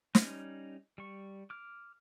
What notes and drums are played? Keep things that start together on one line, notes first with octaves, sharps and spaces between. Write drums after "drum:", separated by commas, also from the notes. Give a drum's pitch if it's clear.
G3 C#4 D#4, drum: snare
G3 C#6
D6 F6